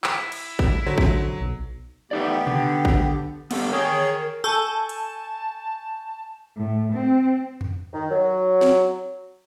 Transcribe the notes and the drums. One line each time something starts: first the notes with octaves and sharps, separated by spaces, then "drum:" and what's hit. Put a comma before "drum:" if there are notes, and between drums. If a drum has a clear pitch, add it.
E4, drum: clap
drum: cymbal
drum: kick
D3 F#3 C5
drum: kick
B1
A3 B3 D#4 G4 D5
D3, drum: tom B2
drum: kick
B3 G4 A4, drum: cymbal
G#4 A#4 C#5 G5
A4 G#5 A5 C#6 G6
drum: hi-hat
A2
C4
drum: tom F2
D#3
F#3
drum: snare